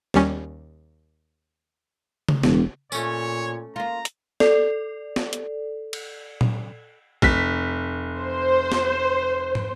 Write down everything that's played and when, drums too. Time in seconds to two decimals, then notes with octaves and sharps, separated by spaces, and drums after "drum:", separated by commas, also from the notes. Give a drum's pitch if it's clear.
0.14 D#2 G3 C#4, drum: snare
2.29 drum: tom C#3
2.43 E1, drum: snare
2.92 A#2 A3 C#4 C#5, drum: tambourine
3.76 A#3 F4 A#5
4.05 drum: hi-hat
4.40 A4 D5, drum: snare
5.16 drum: snare
5.33 drum: hi-hat
5.93 drum: cymbal
6.41 drum: tom A#2
7.22 F1 B6, drum: kick A#1
8.19 C5
8.72 drum: snare
9.55 drum: tom